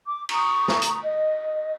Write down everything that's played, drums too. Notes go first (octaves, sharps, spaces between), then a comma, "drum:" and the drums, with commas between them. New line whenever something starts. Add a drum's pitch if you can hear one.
D6
A#5 C#6 D#6, drum: cymbal
drum: snare
drum: hi-hat
D#5